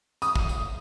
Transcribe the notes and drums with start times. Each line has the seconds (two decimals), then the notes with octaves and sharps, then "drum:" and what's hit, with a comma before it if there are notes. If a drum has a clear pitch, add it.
0.22 D#6, drum: tambourine
0.35 drum: kick
0.49 drum: tambourine